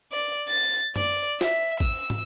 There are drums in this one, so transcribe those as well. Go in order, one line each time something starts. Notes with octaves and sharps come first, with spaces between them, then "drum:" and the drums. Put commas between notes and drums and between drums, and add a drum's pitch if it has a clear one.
D5
A6
D5, drum: tom F#2
E5, drum: snare
E6, drum: kick
drum: tom